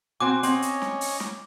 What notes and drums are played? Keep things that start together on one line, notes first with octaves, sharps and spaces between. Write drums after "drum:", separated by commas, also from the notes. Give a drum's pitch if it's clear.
C4 F#4 G5 G#5 D6
C4 C#4 C#5 D#5, drum: hi-hat
drum: hi-hat
drum: snare
drum: open hi-hat
drum: snare